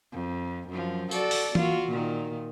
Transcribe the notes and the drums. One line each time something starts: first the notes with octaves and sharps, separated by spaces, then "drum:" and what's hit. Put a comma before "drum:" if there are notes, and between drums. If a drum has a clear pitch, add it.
F2
F#2 F3
F#4 A4 D5, drum: tambourine
drum: open hi-hat
A#3 F4 F#4, drum: tom E3
A#2 D#3